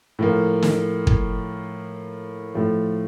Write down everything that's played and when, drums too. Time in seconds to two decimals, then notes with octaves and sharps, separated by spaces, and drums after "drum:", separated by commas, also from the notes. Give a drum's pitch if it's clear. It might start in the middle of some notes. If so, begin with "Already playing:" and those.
0.19 A2 F3 A#3
0.63 drum: snare
1.07 drum: kick
2.55 A2 F3 A3